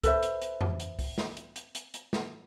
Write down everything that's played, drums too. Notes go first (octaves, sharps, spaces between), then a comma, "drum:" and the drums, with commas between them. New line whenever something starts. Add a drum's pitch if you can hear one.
A4 B4 C5 E5, drum: kick C2, hi-hat
drum: hi-hat
drum: hi-hat
drum: tom F2
drum: hi-hat
drum: kick C2, open hi-hat
drum: snare
drum: hi-hat
drum: hi-hat
drum: hi-hat
drum: hi-hat
drum: snare